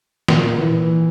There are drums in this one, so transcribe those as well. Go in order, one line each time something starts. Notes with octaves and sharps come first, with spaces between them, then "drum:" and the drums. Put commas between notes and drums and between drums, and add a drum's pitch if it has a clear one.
A#2, drum: snare
E3